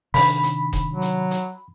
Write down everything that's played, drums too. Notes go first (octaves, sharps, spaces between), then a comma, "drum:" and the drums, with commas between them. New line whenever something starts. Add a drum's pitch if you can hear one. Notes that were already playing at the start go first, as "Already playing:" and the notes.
C3 D#3 D4 B5, drum: open hi-hat
drum: hi-hat
drum: kick E1, hi-hat
F#3
drum: hi-hat
drum: hi-hat